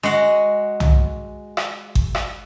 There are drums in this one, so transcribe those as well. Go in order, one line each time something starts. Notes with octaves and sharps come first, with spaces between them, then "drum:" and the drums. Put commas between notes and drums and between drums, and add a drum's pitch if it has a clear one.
G#3 F#4 F#5
drum: tom
drum: rim click
drum: kick G1
drum: rim click